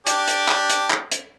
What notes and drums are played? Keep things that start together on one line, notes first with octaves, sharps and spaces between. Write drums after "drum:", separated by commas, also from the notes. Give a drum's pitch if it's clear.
D4 G4, drum: hi-hat
drum: hi-hat
drum: clap
drum: hi-hat
drum: clap
drum: hi-hat